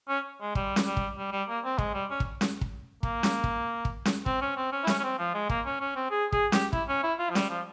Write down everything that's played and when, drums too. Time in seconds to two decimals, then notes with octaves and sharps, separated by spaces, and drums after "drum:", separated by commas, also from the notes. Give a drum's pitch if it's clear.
0.09 C#4
0.41 G#3
0.55 G3, drum: kick
0.76 drum: snare C#4
0.86 G3
0.97 drum: kick
1.18 G3
1.32 G3
1.48 A#3
1.64 C4
1.78 G#3, drum: kick
1.94 G3
2.10 C#4
2.20 drum: kick
2.41 drum: snare C#4
2.61 drum: kick
3.03 A#3, drum: kick
3.23 drum: snare C#4
3.44 drum: kick
3.85 drum: kick
4.05 drum: snare C#4
4.26 C4, drum: kick
4.41 C#4
4.57 C4
4.72 C#4
4.84 E4
4.87 C#4, drum: snare C#4
4.99 C#4
5.04 C4
5.19 F3
5.34 G#3
5.50 A#3, drum: kick
5.66 C#4
5.80 C#4
5.96 C4
6.11 G#4
6.32 G#4, drum: kick
6.52 G4, drum: snare C#4
6.73 E4, drum: kick
6.89 C#4
7.03 E4
7.19 F4
7.30 F3
7.35 G3, drum: snare C#4
7.50 F3